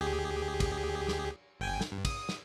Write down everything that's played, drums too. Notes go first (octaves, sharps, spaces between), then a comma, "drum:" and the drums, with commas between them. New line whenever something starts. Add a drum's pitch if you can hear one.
D2 G4 G#4
drum: kick, cymbal
drum: snare
G1 G5 G#5
drum: snare
G2
D#6, drum: kick, cymbal
drum: snare